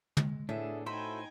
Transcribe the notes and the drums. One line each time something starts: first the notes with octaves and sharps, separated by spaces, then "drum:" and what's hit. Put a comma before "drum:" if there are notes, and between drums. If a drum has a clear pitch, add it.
G#3, drum: tom
A2 A3 B3 D4 G#4 A4 E5
D#4 E4 F#4 A4 C5 G5 G#5 B5